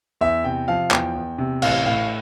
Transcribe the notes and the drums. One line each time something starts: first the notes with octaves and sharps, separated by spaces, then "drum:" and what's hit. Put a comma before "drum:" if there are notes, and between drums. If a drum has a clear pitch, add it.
E2 E5
C3 G5
F3 F5
E2 G5, drum: clap
E2
C3
A1 F5, drum: cymbal
A2 F5